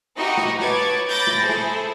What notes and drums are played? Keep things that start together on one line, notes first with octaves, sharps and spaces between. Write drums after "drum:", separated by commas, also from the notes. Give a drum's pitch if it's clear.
D#4 E4 F#4 G4 D#5 C#6
drum: snare
B4 C#5 A5 D6 G#6 A6, drum: snare
B5 D6 G6 A6 A#6
drum: snare
E4 G#4 A4 C5
drum: snare